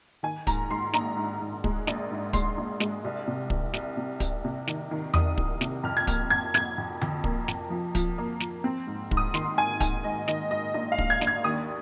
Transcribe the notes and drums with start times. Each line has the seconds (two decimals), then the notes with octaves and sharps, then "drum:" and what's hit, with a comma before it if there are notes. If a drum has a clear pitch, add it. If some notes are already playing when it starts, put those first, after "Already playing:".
0.23 D#3 G#5
0.47 G#2 A#5, drum: kick, hi-hat
0.71 G#2 C6
0.93 A#1 A#5, drum: snare
1.17 G#2
1.41 G#2
1.64 G#3, drum: kick
1.87 A#1, drum: snare
2.11 G#2
2.33 G#3 C6, drum: kick, hi-hat
2.58 A#1
2.80 G#3, drum: snare
3.04 C2
3.27 C3
3.50 C2, drum: kick
3.74 C2, drum: snare
3.97 C3
4.20 C2, drum: kick, hi-hat
4.44 C3
4.67 D#3, drum: snare
4.91 D#3
5.14 C2 D#6, drum: tom E2
5.38 C2, drum: kick
5.61 C3, drum: snare
5.83 F2 F6
5.97 G#6
6.07 A#3 F6, drum: kick, hi-hat
6.30 F2 G#6
6.54 F2 G#6, drum: snare
6.78 F2
7.01 F2, drum: tom D3
7.24 A#3, drum: kick
7.48 F2, drum: snare
7.70 F3
7.95 F3, drum: kick, hi-hat
8.18 A#3
8.40 F3, drum: snare
8.64 C4
8.87 G#2
9.11 G#2, drum: kick
9.17 D#6
9.34 D#3 C6, drum: snare
9.57 G#2 G#5
9.80 G#2 G#5, drum: kick, hi-hat
10.04 G#2 D#5
10.28 D#3 D#5, drum: snare
10.51 G#2 D#5
10.74 A#1 D#5
10.92 F5
10.98 A#1, drum: kick
11.10 G#6
11.21 A#1, drum: snare
11.27 G#6
11.44 D#2 D#6